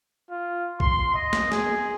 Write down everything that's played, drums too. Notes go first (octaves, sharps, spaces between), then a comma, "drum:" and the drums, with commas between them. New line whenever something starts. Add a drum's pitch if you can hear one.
F4
C6, drum: kick
D#5
drum: snare
G#4, drum: snare